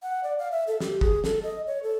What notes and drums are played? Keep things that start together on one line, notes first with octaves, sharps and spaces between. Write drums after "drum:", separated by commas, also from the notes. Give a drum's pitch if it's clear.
F#5
D5
F5
E5
A4
G4, drum: snare
G#4, drum: kick
A4, drum: snare
D#5
C#5
A4